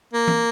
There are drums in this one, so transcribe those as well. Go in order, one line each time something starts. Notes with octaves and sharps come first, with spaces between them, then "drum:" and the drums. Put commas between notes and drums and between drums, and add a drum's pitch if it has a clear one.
A#3
drum: tom E3